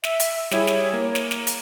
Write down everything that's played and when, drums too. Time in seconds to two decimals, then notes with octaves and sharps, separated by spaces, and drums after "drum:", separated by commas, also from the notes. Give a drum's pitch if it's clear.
0.04 E5, drum: snare
0.20 drum: hi-hat
0.51 G3 E4 G#4 C#5, drum: snare
0.67 drum: snare
0.93 A#3
1.15 drum: snare
1.31 drum: snare
1.47 drum: hi-hat